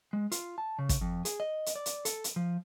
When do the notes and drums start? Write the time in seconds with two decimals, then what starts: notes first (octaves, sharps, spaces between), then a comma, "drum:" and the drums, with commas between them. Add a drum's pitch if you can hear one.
0.13 G#3
0.32 F4, drum: hi-hat
0.58 A5
0.79 C#3
0.89 drum: kick, hi-hat
1.01 F2
1.25 G#4, drum: hi-hat
1.40 D#5
1.66 drum: hi-hat
1.76 D5
1.86 drum: hi-hat
2.05 A4, drum: hi-hat
2.24 drum: hi-hat
2.36 F3